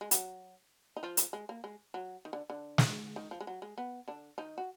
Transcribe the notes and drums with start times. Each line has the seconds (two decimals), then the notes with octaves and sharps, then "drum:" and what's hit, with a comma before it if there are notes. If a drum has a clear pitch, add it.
0.01 G#3
0.11 F#3, drum: hi-hat
0.96 D#4
1.03 F3 F4
1.17 drum: hi-hat
1.33 G#3
1.49 A#3
1.64 G#3
1.94 F#3
2.25 D#3
2.33 D3
2.50 D3
2.78 drum: snare
3.16 D#3
3.31 F3
3.41 G#3
3.47 F#3
3.62 G#3
3.78 B3
4.08 D3 D4
4.38 D#3 D#4
4.58 F#4